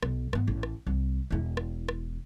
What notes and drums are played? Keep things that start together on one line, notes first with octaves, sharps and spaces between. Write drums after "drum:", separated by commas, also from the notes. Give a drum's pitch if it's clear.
B1, drum: rim click
G#2 B3, drum: rim click
A1
drum: rim click
C2
E1 E4
drum: rim click
drum: rim click